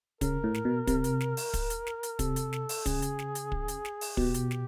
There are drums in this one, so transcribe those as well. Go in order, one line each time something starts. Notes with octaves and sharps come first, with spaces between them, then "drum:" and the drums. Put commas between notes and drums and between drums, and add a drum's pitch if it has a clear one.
C#3 A#4, drum: kick, hi-hat
A2
drum: snare
B2
C3, drum: kick, hi-hat
drum: hi-hat
drum: snare
drum: open hi-hat
drum: kick, hi-hat
drum: hi-hat
drum: snare
drum: hi-hat
C3 A4, drum: kick, hi-hat
drum: hi-hat
drum: snare
drum: open hi-hat
C#3 G#4, drum: kick, hi-hat
drum: hi-hat
drum: snare
drum: hi-hat
drum: kick
drum: hi-hat
drum: snare
drum: open hi-hat
B2 G4, drum: kick
drum: hi-hat
drum: snare